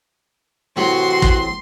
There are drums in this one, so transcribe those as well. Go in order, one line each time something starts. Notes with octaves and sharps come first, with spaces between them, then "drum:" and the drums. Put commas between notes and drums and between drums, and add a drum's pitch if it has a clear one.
A2 C3 E3 F#3 F#4 C6
drum: kick